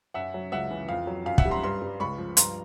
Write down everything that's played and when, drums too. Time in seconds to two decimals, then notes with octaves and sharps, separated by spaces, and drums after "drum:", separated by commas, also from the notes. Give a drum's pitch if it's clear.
0.14 F#2 E5 F#5
0.34 F#3
0.52 C#2 E5 F#5
0.71 E3
0.89 F2 F5
1.07 F#3
1.26 F#2 F5
1.38 E5 F#5, drum: kick
1.45 G3
1.51 A#5 C6
1.63 G2 A#5 C6
1.82 G3
2.00 C#2 B5 C#6
2.18 F3
2.37 G2 A#5 C6, drum: hi-hat